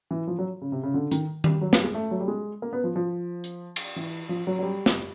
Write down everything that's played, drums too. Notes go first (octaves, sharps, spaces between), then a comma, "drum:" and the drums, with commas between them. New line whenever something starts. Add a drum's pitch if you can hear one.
E3
F3
F#3
C#3
C3
C#3
D3
D#3, drum: hi-hat
G3, drum: tom D#3
F#3
G3, drum: snare
G#3
A3
F#3
G3
G#3
A#3
B3
F3
F3
drum: hi-hat
drum: cymbal
E3
F3
F#3
F#3
G3
drum: snare